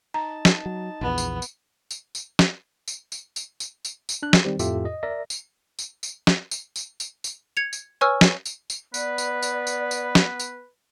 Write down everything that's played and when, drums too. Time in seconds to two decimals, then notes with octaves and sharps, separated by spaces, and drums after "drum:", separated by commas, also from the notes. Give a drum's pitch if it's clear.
0.14 D#4 A5 A#5
0.45 drum: snare
0.66 F#3
1.01 A#1 E2 B3
1.18 drum: tambourine
1.42 drum: tambourine
1.91 drum: tambourine
2.15 drum: tambourine
2.39 drum: snare
2.88 drum: tambourine
3.12 drum: tambourine
3.36 drum: tambourine
3.60 drum: tambourine
3.85 drum: tambourine
4.09 drum: tambourine
4.23 D4 F#6
4.33 drum: snare
4.44 D#3 G3 C4 G4 C5
4.59 F2 A2 F4 G4 A4 E5, drum: tambourine
4.85 D#5
5.03 A#4 D5 E5 A#6
5.30 drum: tambourine
5.79 drum: tambourine
6.03 drum: tambourine
6.27 drum: snare
6.51 drum: tambourine
6.76 drum: tambourine
7.00 drum: tambourine
7.24 drum: tambourine
7.57 G#6 C#7 F7
7.73 drum: tambourine
8.01 B4 C#5 G#5 C#6 E6 F6
8.21 drum: snare
8.45 drum: tambourine
8.70 drum: tambourine
8.94 B3 B4 D5, drum: tambourine
9.18 drum: tambourine
9.42 drum: tambourine
9.67 drum: tambourine
9.91 drum: tambourine
10.15 drum: snare
10.40 drum: tambourine